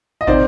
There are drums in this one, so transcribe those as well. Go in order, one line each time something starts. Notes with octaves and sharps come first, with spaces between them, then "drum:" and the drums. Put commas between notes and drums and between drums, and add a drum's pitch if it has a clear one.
D#5
C3 D#3 C5 D5, drum: kick